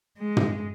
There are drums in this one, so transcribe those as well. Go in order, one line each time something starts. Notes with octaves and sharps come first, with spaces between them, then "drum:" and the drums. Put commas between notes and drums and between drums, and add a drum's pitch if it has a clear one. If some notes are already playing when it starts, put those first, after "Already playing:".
G#3
drum: tom